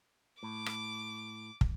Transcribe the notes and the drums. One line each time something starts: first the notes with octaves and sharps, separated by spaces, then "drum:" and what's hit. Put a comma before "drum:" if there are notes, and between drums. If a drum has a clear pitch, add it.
A2 D6
drum: rim click
drum: kick